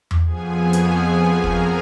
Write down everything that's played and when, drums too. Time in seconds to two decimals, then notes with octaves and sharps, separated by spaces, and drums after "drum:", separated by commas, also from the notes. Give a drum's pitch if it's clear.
0.11 drum: tom E2
0.25 F2 F3 B3 G#4 G#5
0.73 drum: hi-hat
1.44 A#4 A#5, drum: kick